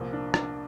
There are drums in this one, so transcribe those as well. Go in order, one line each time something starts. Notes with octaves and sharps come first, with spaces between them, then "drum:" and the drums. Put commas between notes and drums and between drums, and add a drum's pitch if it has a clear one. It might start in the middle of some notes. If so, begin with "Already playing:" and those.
Already playing: C2 A#2 F3 A#3
D4
D4, drum: rim click